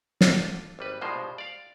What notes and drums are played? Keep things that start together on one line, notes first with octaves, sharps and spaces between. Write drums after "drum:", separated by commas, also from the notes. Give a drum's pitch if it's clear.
D4 F4 A4, drum: snare
G#1 G3 B4
C2 G2 B2 F3 G#3 C5
D5 F5